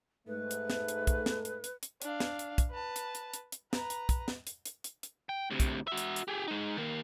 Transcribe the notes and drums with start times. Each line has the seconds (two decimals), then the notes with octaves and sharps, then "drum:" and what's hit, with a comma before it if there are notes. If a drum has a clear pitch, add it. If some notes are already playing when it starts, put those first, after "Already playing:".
0.27 G#2 A3 B4
0.51 drum: hi-hat
0.70 drum: snare
0.88 drum: hi-hat
1.07 drum: kick, hi-hat
1.26 drum: snare
1.45 drum: hi-hat
1.64 drum: hi-hat
1.83 drum: hi-hat
2.02 D4 F5, drum: hi-hat
2.20 drum: snare
2.39 drum: hi-hat
2.58 drum: kick, hi-hat
2.70 B4 A5
2.96 drum: hi-hat
3.15 drum: hi-hat
3.34 drum: hi-hat
3.52 drum: hi-hat
3.73 B4 A#5, drum: snare
3.90 drum: hi-hat
4.09 drum: kick, hi-hat
4.28 drum: snare
4.47 drum: hi-hat
4.65 drum: hi-hat
4.84 drum: hi-hat
5.03 drum: hi-hat
5.29 G5
5.50 D2 C3
5.60 drum: kick, hi-hat
5.87 F#4 E5
5.97 drum: hi-hat
6.16 drum: hi-hat
6.28 G4 G#4
6.48 G#3 D#4
6.77 D#3 A#3